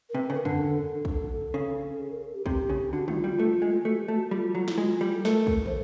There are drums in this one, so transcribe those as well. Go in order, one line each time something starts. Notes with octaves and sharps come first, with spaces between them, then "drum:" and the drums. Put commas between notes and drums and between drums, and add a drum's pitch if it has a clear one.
A#4
C3 B4
C#3
A4
A#4
D3, drum: tom
A4
drum: kick
C#3
G#4
A#4
A4
G4
C3 G4, drum: kick
C#3
D3 F#4
D#3 F4, drum: tom
F#4
G3 F4
A3
G#3
F4
A3 F#4
G4
A3 F#4
G3 F4
F#3 F4
E4, drum: snare
G#3 F4
G3
A4
A3 A#4, drum: snare
drum: kick
C5, drum: tom